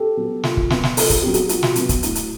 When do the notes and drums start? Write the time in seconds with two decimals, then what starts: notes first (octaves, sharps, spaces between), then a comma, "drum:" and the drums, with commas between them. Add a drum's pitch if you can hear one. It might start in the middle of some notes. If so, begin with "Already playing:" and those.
Already playing: G4 A4
0.17 F#3 B3
0.43 A#2, drum: snare
0.57 drum: kick
0.70 F#3 B3, drum: snare
0.83 drum: snare
0.97 A#2 A4, drum: open hi-hat
1.10 G#4, drum: kick, hi-hat
1.22 F#3 B3 G4
1.34 F#4 G#4, drum: hi-hat
1.49 A#2, drum: hi-hat
1.63 drum: snare
1.76 F#3 B3, drum: hi-hat
1.89 drum: kick, hi-hat
2.03 A2, drum: hi-hat
2.15 drum: hi-hat